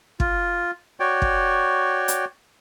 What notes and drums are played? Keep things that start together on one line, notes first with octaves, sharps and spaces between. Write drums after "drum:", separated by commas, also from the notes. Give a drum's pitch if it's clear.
F4, drum: kick
F#4 C#5 D5 G5
drum: kick
drum: hi-hat